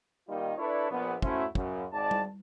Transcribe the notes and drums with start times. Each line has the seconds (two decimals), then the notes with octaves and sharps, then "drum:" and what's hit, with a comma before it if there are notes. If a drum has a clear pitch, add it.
0.28 D#3 G3 A#3 D#4 F4
0.58 D4 E4 A4 B4 C#5 D5
0.90 A#1 B3
1.22 A3 C#4 E4 F#4 C5 E5, drum: kick
1.55 F#2 C#3, drum: kick
1.93 G#1 G#2 D5 A5
2.11 drum: tom G3